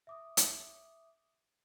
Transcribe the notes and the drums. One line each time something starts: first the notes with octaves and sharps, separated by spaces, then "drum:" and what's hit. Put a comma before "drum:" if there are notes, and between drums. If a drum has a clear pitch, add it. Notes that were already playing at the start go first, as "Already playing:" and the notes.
E5 D6 D#6
drum: hi-hat